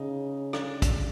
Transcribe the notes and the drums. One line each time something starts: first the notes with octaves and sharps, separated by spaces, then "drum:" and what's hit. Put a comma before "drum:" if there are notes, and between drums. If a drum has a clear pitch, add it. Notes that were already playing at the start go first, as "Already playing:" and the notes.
Already playing: C#3 D#4
D4, drum: rim click
drum: kick, hi-hat